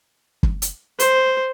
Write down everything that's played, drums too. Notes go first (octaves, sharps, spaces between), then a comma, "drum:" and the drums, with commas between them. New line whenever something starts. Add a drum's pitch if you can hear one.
drum: kick
drum: hi-hat
C5, drum: hi-hat